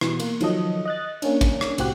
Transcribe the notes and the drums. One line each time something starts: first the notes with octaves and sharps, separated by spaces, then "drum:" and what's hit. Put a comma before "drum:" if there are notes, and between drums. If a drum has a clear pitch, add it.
B2 E3, drum: rim click
A#3, drum: cymbal
D#3 F3 F#3 A4 D#5, drum: cymbal
D#5 F#6 A6
A#3 C#4 D4, drum: cymbal
drum: kick, cymbal
drum: rim click
C2 A2 C4 F#4 G4 F#6, drum: cymbal